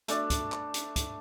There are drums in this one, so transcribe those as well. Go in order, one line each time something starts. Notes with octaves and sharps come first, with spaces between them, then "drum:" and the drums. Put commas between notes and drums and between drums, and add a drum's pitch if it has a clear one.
A3 D4, drum: hi-hat
drum: kick, hi-hat
drum: clap
drum: hi-hat
drum: kick, hi-hat